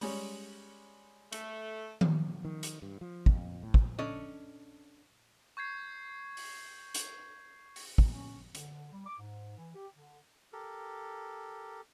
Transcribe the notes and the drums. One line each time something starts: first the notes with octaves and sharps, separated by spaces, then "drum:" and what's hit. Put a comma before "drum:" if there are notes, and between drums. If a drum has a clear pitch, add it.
G3 G#3 C#4, drum: open hi-hat
A3, drum: hi-hat
drum: tom D#3
D#3
drum: hi-hat
G2
F3
F2, drum: kick
A2
drum: kick
C#4 D4 A4 D#5
C#6 G6 G#6 C7
drum: open hi-hat
drum: hi-hat
drum: open hi-hat
drum: kick
C#4
D3, drum: hi-hat
G3
D6
G#2
E3
G4
D3
G4 A4 A#4